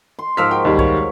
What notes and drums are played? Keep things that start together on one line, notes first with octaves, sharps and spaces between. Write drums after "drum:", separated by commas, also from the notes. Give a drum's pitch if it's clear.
C6
G#2 F3 A#4 E6 F6 B6
F#4 G5
D#2 D#3 G3
C#5, drum: kick C2